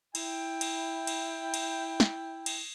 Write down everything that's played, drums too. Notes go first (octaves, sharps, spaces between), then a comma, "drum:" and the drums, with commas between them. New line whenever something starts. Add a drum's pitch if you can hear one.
E4 G5, drum: cymbal
drum: cymbal
drum: cymbal
drum: cymbal
drum: snare
drum: cymbal